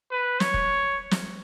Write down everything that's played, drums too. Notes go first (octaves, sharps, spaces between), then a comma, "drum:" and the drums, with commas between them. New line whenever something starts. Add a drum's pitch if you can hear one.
B4
C#5, drum: snare
drum: kick
drum: snare